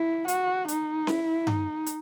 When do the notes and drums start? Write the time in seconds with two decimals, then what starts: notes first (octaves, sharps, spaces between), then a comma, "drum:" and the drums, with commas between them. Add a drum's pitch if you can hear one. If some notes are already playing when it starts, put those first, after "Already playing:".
Already playing: E4
0.28 F#4, drum: hi-hat
0.68 D#4, drum: hi-hat
1.07 E4, drum: snare C#4
1.47 D#4, drum: tom G2
1.86 drum: hi-hat